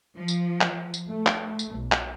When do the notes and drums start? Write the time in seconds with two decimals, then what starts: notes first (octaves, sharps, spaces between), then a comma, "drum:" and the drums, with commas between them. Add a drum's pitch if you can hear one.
0.17 F3
0.28 drum: tambourine
0.61 drum: clap
0.94 drum: tambourine
1.08 A3
1.26 drum: clap
1.59 drum: tambourine
1.76 B1
1.92 drum: clap